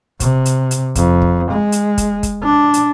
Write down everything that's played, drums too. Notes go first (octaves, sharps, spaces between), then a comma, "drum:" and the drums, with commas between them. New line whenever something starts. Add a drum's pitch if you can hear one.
C3, drum: kick, hi-hat
drum: hi-hat
drum: hi-hat
F2, drum: kick, hi-hat
drum: kick
G#3
drum: hi-hat
drum: kick, hi-hat
drum: kick, hi-hat
D4
drum: hi-hat